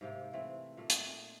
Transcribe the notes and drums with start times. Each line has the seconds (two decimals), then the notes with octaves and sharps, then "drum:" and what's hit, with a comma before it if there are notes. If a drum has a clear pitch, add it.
0.01 G#2 C3 A#3
0.33 E3 A3 C4
0.77 A#2 A3
0.90 D#4, drum: hi-hat